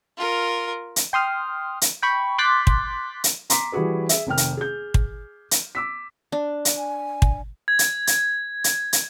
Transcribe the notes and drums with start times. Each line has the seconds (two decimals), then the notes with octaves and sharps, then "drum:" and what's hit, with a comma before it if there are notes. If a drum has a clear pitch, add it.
0.17 F4 A#4
0.96 drum: hi-hat
1.13 G5 C6 D#6 F6
1.81 drum: hi-hat
2.02 G5 B5 C#6
2.38 C6 D6 F#6 G6 A6 B6
2.67 drum: kick
3.24 drum: hi-hat
3.50 A#5 C6 D6 B6, drum: hi-hat
3.72 E3 G3 F#4 G#4 B4
4.09 G#4 E5, drum: hi-hat
4.27 F1 D#3 G5 F6
4.37 drum: hi-hat
4.57 G#4 G6
4.94 drum: kick
5.51 drum: hi-hat
5.75 D6 E6 B6
6.32 D4
6.65 drum: hi-hat
6.77 G#5
7.22 drum: kick
7.68 G#6
7.79 drum: hi-hat
8.07 drum: hi-hat
8.64 drum: hi-hat
8.93 drum: hi-hat